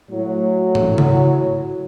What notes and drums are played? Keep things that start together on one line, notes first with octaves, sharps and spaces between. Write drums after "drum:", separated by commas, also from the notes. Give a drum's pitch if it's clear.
A2 F#3
drum: tom G#2
drum: tom C#3